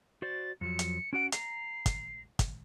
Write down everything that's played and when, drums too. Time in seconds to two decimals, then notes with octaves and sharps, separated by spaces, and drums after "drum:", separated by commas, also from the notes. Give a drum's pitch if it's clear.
0.22 F#4 C5 D5 A6
0.61 F2 F3 F#3 C#7
0.79 drum: hi-hat
1.13 C#4 F#4 F#5 D7
1.32 A#5 C7, drum: hi-hat
1.86 drum: kick, hi-hat
2.39 drum: kick, hi-hat